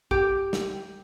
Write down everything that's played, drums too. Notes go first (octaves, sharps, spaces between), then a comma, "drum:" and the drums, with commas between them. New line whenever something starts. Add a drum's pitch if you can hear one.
G4, drum: kick
drum: snare